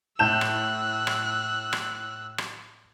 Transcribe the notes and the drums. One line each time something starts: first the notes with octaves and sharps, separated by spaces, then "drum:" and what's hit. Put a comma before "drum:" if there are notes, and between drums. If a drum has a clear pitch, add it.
A2 A5 E6 F#6 G6 E7
drum: rim click
drum: rim click
drum: rim click
drum: rim click